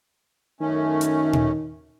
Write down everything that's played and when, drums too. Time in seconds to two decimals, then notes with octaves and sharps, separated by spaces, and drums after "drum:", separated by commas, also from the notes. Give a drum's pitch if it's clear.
0.61 F#2 D#3 A3 C#4
1.01 drum: hi-hat
1.33 drum: tom A#2